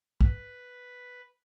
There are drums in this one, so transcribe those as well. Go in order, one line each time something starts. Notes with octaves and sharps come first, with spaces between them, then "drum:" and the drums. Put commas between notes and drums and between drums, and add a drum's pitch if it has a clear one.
B4, drum: kick